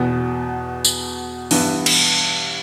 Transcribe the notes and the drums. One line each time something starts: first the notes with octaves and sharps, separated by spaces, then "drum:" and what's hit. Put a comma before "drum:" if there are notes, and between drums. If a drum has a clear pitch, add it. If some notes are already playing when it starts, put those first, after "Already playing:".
Already playing: E2 B2 B3
drum: tambourine
G2 E3 B3, drum: open hi-hat
drum: cymbal